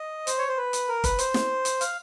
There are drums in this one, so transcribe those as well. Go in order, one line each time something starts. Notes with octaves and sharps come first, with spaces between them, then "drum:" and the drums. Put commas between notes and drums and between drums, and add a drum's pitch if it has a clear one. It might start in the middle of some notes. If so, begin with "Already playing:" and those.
Already playing: D#5
C5, drum: hi-hat
C#5
C5
B4
drum: hi-hat
A#4
B4, drum: kick, hi-hat
C5, drum: hi-hat
drum: snare
drum: hi-hat
F5, drum: hi-hat